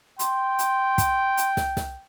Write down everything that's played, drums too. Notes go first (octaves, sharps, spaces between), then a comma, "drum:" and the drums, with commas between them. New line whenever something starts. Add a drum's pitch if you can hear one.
G5 C6, drum: hi-hat
drum: hi-hat
drum: kick, hi-hat
drum: hi-hat
drum: snare
drum: snare